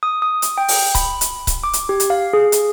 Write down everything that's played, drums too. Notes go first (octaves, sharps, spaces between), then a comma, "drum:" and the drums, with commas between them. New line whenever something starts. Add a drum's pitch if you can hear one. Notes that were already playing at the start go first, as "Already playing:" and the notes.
D#6
D#6
drum: hi-hat
G5
drum: open hi-hat
B5, drum: kick C#1, hi-hat
drum: hi-hat
drum: kick C#1, hi-hat
D6
drum: hi-hat
G4
drum: hi-hat
F5
G#4
drum: hi-hat